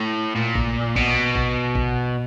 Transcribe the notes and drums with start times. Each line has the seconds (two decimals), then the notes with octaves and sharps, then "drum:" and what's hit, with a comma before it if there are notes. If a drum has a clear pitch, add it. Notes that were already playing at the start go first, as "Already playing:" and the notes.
Already playing: A2
0.36 A#2
0.56 drum: kick
0.96 B2, drum: kick
1.35 drum: kick
1.75 drum: kick